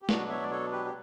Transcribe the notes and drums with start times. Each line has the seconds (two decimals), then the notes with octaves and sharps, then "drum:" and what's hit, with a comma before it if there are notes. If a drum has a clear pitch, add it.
0.02 G4
0.09 B2 F#3 B3 D4 F#4, drum: snare
0.29 C#5 E5
0.43 D5
0.51 A4 C#5
0.72 G4 B4
0.85 G4